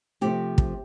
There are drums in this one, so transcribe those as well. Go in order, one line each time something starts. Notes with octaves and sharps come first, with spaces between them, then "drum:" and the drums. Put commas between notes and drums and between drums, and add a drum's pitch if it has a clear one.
C3 F3 A3 C4 G4
drum: kick